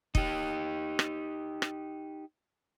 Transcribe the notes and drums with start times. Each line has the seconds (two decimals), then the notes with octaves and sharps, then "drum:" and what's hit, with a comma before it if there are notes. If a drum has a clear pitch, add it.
0.15 D#4 G4, drum: kick
0.99 drum: rim click
1.62 drum: rim click